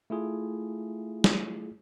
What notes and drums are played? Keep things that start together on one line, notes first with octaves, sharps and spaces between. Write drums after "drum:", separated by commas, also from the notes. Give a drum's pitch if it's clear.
A3 E4 F4 G#4
drum: snare